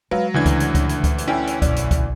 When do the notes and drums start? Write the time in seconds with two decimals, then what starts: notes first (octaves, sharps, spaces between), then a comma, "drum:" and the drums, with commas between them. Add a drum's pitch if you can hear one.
0.11 F#3 G#3 B4 F5
0.34 D2 C#3 E3 D4 G#6
0.46 drum: kick C#2, hi-hat
0.60 drum: hi-hat
0.75 drum: kick C#2, hi-hat
0.89 drum: hi-hat
1.04 drum: kick C#2, hi-hat
1.18 drum: hi-hat
1.27 D3 C#4 E4 C#5 G5 G#5
1.47 drum: hi-hat
1.62 F#1 B1 D5, drum: kick C#2, hi-hat
1.76 drum: hi-hat
1.91 drum: kick C#2, hi-hat